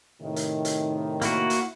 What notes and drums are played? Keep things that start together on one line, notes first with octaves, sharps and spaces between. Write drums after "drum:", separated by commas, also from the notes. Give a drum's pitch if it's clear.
A2 C3 D#3
drum: hi-hat
drum: hi-hat
A#3 E4 F#4, drum: hi-hat
drum: hi-hat